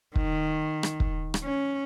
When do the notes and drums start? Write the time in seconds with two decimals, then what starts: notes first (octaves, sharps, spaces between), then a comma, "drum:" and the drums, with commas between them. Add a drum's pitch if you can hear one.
0.16 D#3, drum: kick
0.83 drum: rim click
1.00 drum: kick
1.34 drum: rim click
1.43 C#4